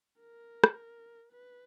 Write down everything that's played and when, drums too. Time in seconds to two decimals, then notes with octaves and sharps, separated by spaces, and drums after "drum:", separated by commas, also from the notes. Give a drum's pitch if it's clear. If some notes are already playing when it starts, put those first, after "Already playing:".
0.20 A#4
0.64 drum: rim click
1.33 B4